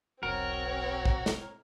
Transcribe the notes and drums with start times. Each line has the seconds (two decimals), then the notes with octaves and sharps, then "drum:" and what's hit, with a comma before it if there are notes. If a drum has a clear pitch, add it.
0.23 E1 B1 C4 F#4 A#4 C#5
1.05 drum: kick
1.26 drum: snare